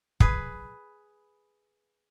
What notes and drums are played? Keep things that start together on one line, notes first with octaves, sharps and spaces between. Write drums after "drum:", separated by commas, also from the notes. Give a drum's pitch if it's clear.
G#4 B4, drum: kick